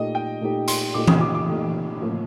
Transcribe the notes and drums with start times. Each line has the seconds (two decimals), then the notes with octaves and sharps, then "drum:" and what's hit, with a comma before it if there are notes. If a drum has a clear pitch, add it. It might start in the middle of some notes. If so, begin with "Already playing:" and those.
Already playing: A#2 A3 D#4 G4 D#5
0.15 G5
0.41 A#2 A3 D#4 G4
0.68 C6, drum: hi-hat
0.94 A#2 A3 D#4 G4 D6
1.08 D#6, drum: tom E3
1.21 D6
1.35 D6
1.48 A#2 A3 D#4 G4
2.01 A2 F3 A#3 F4